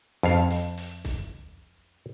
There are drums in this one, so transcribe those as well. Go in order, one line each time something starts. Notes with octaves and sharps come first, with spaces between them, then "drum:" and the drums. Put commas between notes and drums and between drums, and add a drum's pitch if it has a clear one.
F2 F5, drum: hi-hat
drum: hi-hat
drum: hi-hat
drum: kick, hi-hat